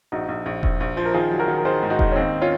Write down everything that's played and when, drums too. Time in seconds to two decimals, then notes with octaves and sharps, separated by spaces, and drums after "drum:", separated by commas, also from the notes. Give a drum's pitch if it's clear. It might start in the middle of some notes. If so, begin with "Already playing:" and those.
0.12 A#1 D#4 F#4
0.28 A#1
0.46 A#1
0.63 A#1, drum: kick E1
0.80 A#1
0.97 F3 C5
1.05 A#4
1.14 D#3 F4 G#4
1.31 F#3
1.39 F#4 A#4
1.48 D#3
1.58 A#4
1.65 D#3 G#4 C5
1.83 G#2
1.90 D#4 F#4
1.99 D#3, drum: kick E1
2.11 C#4
2.16 D#2 C4 D#4
2.41 C#4 F4